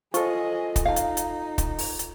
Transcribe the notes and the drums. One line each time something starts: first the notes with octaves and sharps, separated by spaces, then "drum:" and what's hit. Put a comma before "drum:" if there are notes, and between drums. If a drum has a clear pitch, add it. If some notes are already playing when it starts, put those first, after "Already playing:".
F4 G#4 A4 C5 D#5 C#6, drum: hi-hat
drum: kick, hi-hat
D#4 D#5 F5 A5
drum: hi-hat
drum: hi-hat
drum: kick, hi-hat
drum: open hi-hat
drum: hi-hat